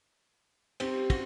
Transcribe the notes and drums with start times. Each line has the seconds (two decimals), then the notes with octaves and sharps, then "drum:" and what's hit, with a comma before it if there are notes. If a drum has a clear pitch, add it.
0.80 C4 G4, drum: cymbal
1.10 F#4, drum: kick, cymbal